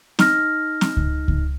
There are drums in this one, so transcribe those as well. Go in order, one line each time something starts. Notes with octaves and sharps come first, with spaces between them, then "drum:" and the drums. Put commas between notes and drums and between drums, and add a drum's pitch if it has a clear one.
D#4 F6 A#6, drum: snare C4
drum: snare C4
drum: kick C#2
drum: kick C#2